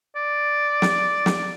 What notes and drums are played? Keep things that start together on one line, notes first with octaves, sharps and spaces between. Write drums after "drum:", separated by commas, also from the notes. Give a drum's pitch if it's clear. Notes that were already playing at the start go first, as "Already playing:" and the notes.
D5
drum: snare
drum: snare